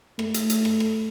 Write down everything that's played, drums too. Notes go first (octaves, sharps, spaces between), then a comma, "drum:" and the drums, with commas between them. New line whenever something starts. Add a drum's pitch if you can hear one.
A3, drum: rim click
drum: hi-hat
drum: hi-hat
drum: rim click
drum: rim click